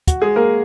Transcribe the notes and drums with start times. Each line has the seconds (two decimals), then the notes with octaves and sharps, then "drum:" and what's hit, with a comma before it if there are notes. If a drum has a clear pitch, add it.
0.07 F#4, drum: kick, hi-hat
0.22 G#3 G#4
0.36 A#3 A#4